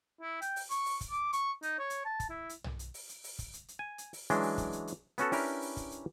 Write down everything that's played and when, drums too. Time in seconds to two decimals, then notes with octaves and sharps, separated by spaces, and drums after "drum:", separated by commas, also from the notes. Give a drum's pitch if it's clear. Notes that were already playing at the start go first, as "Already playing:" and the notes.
0.21 E4
0.42 G5, drum: hi-hat
0.56 drum: open hi-hat
0.71 C#6, drum: hi-hat
0.86 drum: open hi-hat
1.01 drum: kick, hi-hat
1.11 D6
1.33 C#6, drum: hi-hat
1.63 D#4, drum: hi-hat
1.79 C#5
1.90 drum: hi-hat
2.05 A5
2.20 drum: kick, hi-hat
2.30 E4
2.49 drum: hi-hat
2.64 drum: tom B1
2.79 drum: hi-hat
2.94 drum: open hi-hat
3.09 drum: hi-hat
3.24 drum: open hi-hat
3.39 drum: kick, hi-hat
3.54 drum: hi-hat
3.68 drum: hi-hat
3.79 G#5
3.98 drum: hi-hat
4.13 drum: open hi-hat
4.30 E3 F#3 G#3 C#4 D4, drum: hi-hat
4.43 drum: open hi-hat
4.58 drum: kick, hi-hat
4.73 drum: hi-hat
4.87 drum: hi-hat
5.18 B3 C#4 F#4 A4, drum: hi-hat
5.32 C#4 D4 E4 G4 A#4 B4, drum: open hi-hat
5.62 drum: open hi-hat
5.77 drum: kick, hi-hat
5.92 drum: hi-hat